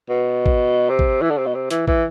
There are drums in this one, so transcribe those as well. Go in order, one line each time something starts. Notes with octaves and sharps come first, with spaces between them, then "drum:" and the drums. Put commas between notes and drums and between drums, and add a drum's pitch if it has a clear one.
B2
drum: kick
C3
drum: kick
E3
D3
C3
B2
C3
E3, drum: hi-hat
E3, drum: kick